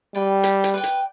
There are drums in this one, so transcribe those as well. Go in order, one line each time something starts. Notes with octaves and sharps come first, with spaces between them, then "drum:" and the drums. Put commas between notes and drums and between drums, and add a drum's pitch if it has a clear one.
G3 B4 D5 G5
G4, drum: hi-hat
drum: hi-hat
B4 D5 G5
drum: hi-hat